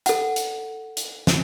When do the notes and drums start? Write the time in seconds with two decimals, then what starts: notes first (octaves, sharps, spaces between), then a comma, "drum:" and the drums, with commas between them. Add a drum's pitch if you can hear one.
0.06 A4 F#5, drum: hi-hat
0.36 drum: hi-hat
0.97 drum: hi-hat
1.27 drum: snare